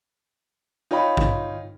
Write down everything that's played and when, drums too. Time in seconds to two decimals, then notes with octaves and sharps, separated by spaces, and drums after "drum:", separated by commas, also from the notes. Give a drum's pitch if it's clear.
0.91 D#4 F4 C#5 G5 B5
1.17 drum: kick